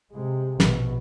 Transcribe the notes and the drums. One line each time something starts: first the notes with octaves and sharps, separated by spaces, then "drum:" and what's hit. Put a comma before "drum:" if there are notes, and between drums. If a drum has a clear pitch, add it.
C3 G#3
A#1 B2, drum: snare